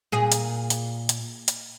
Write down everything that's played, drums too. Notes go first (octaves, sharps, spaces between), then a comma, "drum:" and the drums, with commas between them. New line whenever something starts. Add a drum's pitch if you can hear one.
A#2 G#4
drum: hi-hat
drum: hi-hat
drum: hi-hat
drum: hi-hat